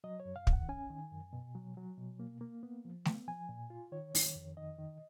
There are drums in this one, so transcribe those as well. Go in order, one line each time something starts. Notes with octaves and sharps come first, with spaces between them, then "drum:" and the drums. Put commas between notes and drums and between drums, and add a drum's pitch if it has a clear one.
F#3 D#5
C#5
F#2
F5
D#3, drum: kick
F#5
C#4 G#5
D#3
F#2
B2
F#3
F#3
B2
A#3
A#3
B3
F3
B3, drum: snare A3
F3 G#5
A#2
F4
D#3 C#5
D#3, drum: open hi-hat
F2
D#3 D#5
D#3